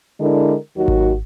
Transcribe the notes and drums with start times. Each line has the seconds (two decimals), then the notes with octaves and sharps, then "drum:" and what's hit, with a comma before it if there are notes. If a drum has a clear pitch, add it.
0.20 D3 G#3 D4 E4 A#4
0.77 D#2 D#3 F#3 F#4
0.88 drum: kick G#1